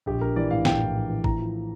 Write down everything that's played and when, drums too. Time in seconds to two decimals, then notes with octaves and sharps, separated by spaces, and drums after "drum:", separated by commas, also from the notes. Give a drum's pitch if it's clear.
0.06 A#1 G4
0.21 A#1 A#4
0.36 E3 D5
0.51 A2 F5
0.65 A#1 G5, drum: snare
0.81 A2
0.95 A#1
1.10 E3
1.24 A2 A#5, drum: kick
1.39 F3